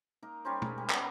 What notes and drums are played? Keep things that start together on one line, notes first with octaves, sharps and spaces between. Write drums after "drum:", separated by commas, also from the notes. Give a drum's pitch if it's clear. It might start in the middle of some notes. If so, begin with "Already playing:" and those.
A#3 D#4 A#4
G3 C#4 D#4 C5
G#3, drum: tom
G3
A#3 B3 C#4, drum: clap